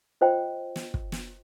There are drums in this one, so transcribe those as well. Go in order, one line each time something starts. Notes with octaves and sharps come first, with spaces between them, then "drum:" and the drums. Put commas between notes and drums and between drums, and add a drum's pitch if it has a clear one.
F4 C5 D#5 G5
drum: snare
drum: kick
drum: snare